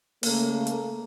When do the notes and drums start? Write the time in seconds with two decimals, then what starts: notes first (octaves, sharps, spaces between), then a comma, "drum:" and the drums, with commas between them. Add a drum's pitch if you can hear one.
0.23 C#3 A3 A#3, drum: open hi-hat
0.67 drum: hi-hat